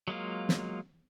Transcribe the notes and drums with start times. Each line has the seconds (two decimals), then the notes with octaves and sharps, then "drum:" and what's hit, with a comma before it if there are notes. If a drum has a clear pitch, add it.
0.08 F#3 G#3 A#3 F4
0.49 drum: snare